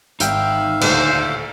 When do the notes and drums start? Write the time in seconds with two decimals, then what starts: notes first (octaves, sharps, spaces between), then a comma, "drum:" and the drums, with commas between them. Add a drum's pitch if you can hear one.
0.20 G#1 D#4 E5 F5 G5 G6 D7, drum: hi-hat
0.81 D#1 D2 D3 C5, drum: cymbal